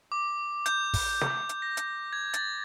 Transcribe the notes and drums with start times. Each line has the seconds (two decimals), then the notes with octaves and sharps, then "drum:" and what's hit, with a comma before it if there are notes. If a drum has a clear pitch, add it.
0.12 D6
0.66 G6, drum: hi-hat
0.94 drum: kick, open hi-hat
1.21 drum: snare
1.49 drum: hi-hat
1.62 A#6
1.77 drum: hi-hat
2.13 G#6
2.34 A6, drum: hi-hat